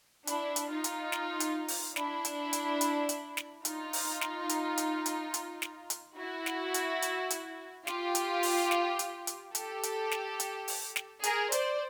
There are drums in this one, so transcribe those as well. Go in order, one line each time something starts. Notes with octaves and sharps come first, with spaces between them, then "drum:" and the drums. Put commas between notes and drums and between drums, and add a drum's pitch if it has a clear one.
D4 E4, drum: hi-hat
drum: hi-hat
D#4 F4
drum: hi-hat
drum: snare
drum: hi-hat
drum: open hi-hat
D4 E4, drum: snare
drum: hi-hat
drum: hi-hat
drum: hi-hat
drum: hi-hat
drum: snare
D#4 F4, drum: hi-hat
drum: open hi-hat
drum: snare
drum: hi-hat
drum: hi-hat
drum: hi-hat
drum: hi-hat
drum: snare
drum: hi-hat
E4 F#4
drum: snare
drum: hi-hat
drum: hi-hat
drum: hi-hat
F4 G4, drum: snare
drum: hi-hat
drum: open hi-hat
drum: snare
drum: hi-hat
drum: hi-hat
G4 A4, drum: hi-hat
drum: hi-hat
drum: snare
drum: hi-hat
drum: open hi-hat
drum: snare
G#4 A#4, drum: hi-hat
C5 D5, drum: hi-hat